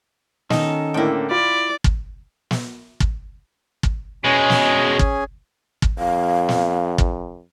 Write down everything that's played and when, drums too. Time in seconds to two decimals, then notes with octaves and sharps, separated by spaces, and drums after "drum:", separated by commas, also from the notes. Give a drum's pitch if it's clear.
0.50 D#3 C#4 D#4 A4 D#5, drum: snare
0.94 A2 D3 A#3 E4 G5
1.31 F4 D5 B5
1.84 drum: kick
2.51 drum: snare
3.00 drum: kick
3.83 drum: kick
4.24 B2 G#3 C#4 G#4 G#5
4.50 drum: snare
4.99 drum: kick
5.82 drum: kick
5.99 F2 F5
6.49 drum: snare
6.98 drum: kick